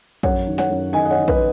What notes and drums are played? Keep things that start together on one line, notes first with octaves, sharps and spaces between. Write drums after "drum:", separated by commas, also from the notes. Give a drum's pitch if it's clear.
F#2 C#5 F#5, drum: kick
D#3
C#5 F#5, drum: snare
F#2
D#3 D#5 G#5
D#5
C#5 F#5
D#3
B4 D#5, drum: kick